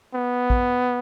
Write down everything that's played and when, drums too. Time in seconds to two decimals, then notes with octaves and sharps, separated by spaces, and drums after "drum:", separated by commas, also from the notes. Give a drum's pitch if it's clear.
0.15 B3
0.50 drum: kick